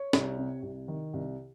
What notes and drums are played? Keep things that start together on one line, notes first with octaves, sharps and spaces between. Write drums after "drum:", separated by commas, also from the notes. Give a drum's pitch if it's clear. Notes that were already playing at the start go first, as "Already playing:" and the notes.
Already playing: C#5
C2, drum: snare
C3
C2
D#3
C2